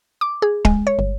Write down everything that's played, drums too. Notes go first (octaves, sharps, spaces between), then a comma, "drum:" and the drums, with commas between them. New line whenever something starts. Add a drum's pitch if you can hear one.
D6
G#4
G#3, drum: kick
C#5
G1